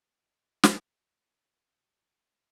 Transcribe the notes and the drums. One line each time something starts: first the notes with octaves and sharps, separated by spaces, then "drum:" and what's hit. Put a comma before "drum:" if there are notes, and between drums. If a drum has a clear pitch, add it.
F#4 D#5 E5 D6
drum: snare
F4
G#2 F#4 A4